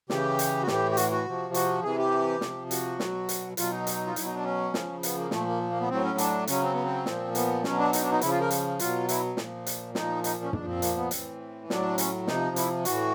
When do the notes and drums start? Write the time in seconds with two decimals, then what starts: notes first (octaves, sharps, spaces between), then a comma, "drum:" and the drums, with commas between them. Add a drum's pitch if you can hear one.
0.10 C#3 E3 G4, drum: snare
0.39 drum: hi-hat
0.62 F#4
0.67 A2 E3 G4, drum: snare
0.91 G4
0.97 F#4, drum: hi-hat
1.11 F#4
1.26 C3 F3
1.54 F#4, drum: hi-hat
1.83 C3 E3 G#4
1.98 G4
2.41 C3 F3, drum: snare
2.71 F#4, drum: hi-hat
2.99 B2 F#3, drum: snare
3.29 drum: hi-hat
3.57 B2 F#3 F4, drum: hi-hat
3.72 D#4
3.87 drum: hi-hat
4.07 F4
4.16 B2 F#3 E4, drum: hi-hat
4.26 D#4
4.35 D4
4.44 C#4
4.74 C#3 F3, drum: snare
5.03 B3, drum: hi-hat
5.17 A#3
5.31 A#2 F3 A3, drum: snare
5.46 A#3
5.70 A#3
5.80 B3
5.89 A2 F#3 C4
6.03 C#4
6.18 D4, drum: hi-hat
6.47 C#3 F#3 C#4, drum: hi-hat
6.62 C4
6.72 B3
6.83 C4
7.06 A#2 F3, drum: snare
7.35 B3, drum: hi-hat
7.64 B2 F#3 C#4, drum: snare
7.78 D4
7.93 D#4, drum: hi-hat
8.02 D4
8.11 D#4
8.21 C#3 F3 E4, drum: hi-hat
8.31 F4
8.41 A#4
8.50 drum: hi-hat
8.79 B2 F#3 F4, drum: hi-hat
9.09 E4, drum: hi-hat
9.37 A#2 F3, drum: snare
9.66 drum: hi-hat
9.95 A#2 F3 D#4, drum: snare
10.24 D#4, drum: hi-hat
10.44 C#4
10.53 A#2 F3 D4, drum: tom
10.68 C4
10.82 A#3, drum: hi-hat
10.96 B3
11.11 A2 E3 C4, drum: hi-hat
11.70 A2 F#3 D4, drum: snare
11.98 C#4, drum: hi-hat
12.27 C3 F3 D#4, drum: snare
12.56 E4, drum: hi-hat
12.85 A2 E3 F#4, drum: hi-hat